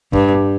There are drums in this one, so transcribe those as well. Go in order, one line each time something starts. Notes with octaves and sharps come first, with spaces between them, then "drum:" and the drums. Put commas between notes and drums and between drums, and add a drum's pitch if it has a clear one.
G2, drum: kick